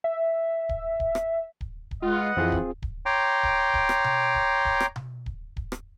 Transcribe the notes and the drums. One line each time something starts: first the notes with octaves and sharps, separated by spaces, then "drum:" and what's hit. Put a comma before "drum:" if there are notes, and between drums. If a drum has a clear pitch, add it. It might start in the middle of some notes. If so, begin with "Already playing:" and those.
E5
drum: kick D1
drum: kick D1
drum: rim click
drum: kick D1
drum: kick D1
G#3 F4 B4 D#5 F#5
F2 E3 C4 F4 G#4
drum: kick D1
drum: kick D1
C#5 G5 A#5 C6 D6
drum: kick D1
drum: kick D1
drum: rim click
drum: tom B2
drum: kick D1
drum: kick D1
drum: rim click
drum: tom B2
drum: kick D1
drum: kick D1
drum: rim click